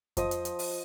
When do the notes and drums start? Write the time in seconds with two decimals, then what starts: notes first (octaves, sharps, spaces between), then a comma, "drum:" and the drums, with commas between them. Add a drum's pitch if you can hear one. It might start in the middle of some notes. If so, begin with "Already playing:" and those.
0.17 F3 D#5, drum: kick F2, hi-hat
0.31 drum: hi-hat
0.45 drum: hi-hat
0.59 drum: open hi-hat